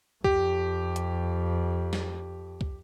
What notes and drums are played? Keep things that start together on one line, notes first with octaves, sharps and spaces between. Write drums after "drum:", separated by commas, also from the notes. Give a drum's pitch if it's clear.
F2 G4, drum: kick
drum: hi-hat
drum: snare
drum: kick